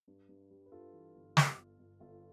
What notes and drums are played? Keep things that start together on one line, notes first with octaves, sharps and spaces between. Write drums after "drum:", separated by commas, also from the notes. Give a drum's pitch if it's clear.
G2
G2
G3
B4
G2 F4 A4
E3
G1
G1, drum: snare
G1
G1
G1 F4 A4